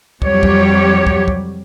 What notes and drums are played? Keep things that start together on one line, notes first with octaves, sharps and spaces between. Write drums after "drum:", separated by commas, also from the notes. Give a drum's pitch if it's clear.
F2 F#3 G3 G4 C#5, drum: kick
drum: kick
drum: kick
drum: kick